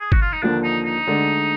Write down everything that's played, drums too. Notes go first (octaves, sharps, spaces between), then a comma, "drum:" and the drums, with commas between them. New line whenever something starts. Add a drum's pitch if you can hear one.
G#4
F#4, drum: kick
F4
D#4
D#2 D3 F3 A#3 D4
D#4
D#4
D2 D3 G#3 D4